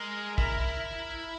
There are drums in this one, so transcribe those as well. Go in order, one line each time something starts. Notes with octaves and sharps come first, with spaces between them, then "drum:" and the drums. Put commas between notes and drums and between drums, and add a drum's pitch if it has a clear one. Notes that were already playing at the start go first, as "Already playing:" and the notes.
Already playing: G#3 A#4
E4 A#4, drum: kick